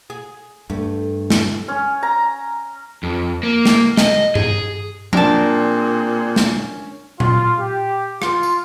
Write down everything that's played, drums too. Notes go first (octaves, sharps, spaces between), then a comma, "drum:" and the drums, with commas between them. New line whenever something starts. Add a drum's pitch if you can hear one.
G#4
G2 A3
drum: snare
C#4
A#5
F2
A#3
drum: snare
D#5, drum: snare
G#4, drum: tom G2
A#2 C4 D4 G#4 A#4 A5, drum: tom F3
C#4, drum: snare
F4, drum: tom A#2
G4
F4, drum: rim click
drum: tambourine